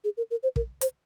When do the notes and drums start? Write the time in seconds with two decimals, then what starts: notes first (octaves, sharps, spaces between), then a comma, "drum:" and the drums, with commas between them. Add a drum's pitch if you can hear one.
0.04 G#4
0.17 A#4
0.31 A#4
0.43 C5
0.56 A#4, drum: kick
0.81 C5, drum: hi-hat